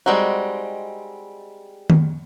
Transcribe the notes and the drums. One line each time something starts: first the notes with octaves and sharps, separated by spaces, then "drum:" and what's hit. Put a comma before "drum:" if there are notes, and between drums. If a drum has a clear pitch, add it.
G3 G#3 C4 D#4 F#4
drum: tom D#3